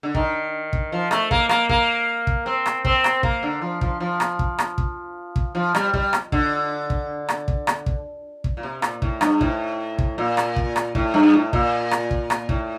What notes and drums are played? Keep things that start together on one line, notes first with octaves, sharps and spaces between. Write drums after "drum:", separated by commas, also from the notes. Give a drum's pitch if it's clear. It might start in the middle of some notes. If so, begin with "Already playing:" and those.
D3
D#3, drum: kick
drum: kick
F3
A3, drum: rim click
A#3, drum: kick
A#3, drum: rim click
A#3, drum: kick
drum: kick
C4
drum: rim click
C4, drum: kick
drum: rim click
A#3, drum: kick
D3
F3
F3, drum: kick
F3
drum: rim click
drum: kick
drum: rim click
drum: kick
drum: kick
F3
G3, drum: rim click
G3, drum: kick
drum: rim click
D3, drum: kick
drum: kick
drum: rim click
drum: kick
drum: rim click
drum: kick
drum: kick
A#2
C3
A#2, drum: rim click
A2, drum: kick
G2, drum: rim click
A2, drum: kick
drum: kick
A#2
drum: rim click
drum: kick
drum: rim click
A2, drum: kick
G2
A2
A#2, drum: kick
drum: rim click
drum: kick
drum: rim click
A2, drum: kick